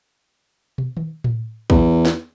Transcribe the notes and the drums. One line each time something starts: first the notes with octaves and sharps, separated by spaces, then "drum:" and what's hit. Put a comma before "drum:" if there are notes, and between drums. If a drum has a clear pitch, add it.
drum: tom
drum: tom D#3
drum: tom A2
E2, drum: kick
drum: snare